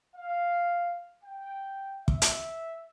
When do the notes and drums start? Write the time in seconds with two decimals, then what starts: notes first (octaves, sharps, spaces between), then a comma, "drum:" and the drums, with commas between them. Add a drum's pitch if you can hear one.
0.16 F5
1.24 G5
2.08 E5, drum: kick
2.22 drum: hi-hat